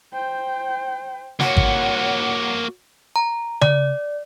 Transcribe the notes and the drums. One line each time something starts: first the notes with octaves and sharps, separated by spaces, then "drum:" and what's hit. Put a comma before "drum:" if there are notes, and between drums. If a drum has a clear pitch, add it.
C5 G5
A#3 F#4 C#5 F#5, drum: snare
drum: kick G#1
A#5
D5, drum: tom C#3